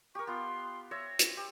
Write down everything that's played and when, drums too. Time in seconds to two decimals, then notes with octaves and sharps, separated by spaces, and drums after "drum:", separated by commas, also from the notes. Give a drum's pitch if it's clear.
0.15 G4 A#4 C#6
0.27 B3 F4 C6
0.91 C5 C#5 E5 A#6
1.19 drum: hi-hat
1.37 G4